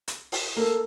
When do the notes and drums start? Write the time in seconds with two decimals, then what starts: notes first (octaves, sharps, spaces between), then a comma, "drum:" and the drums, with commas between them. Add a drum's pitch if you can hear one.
0.08 drum: hi-hat
0.32 drum: open hi-hat
0.56 A#3 A4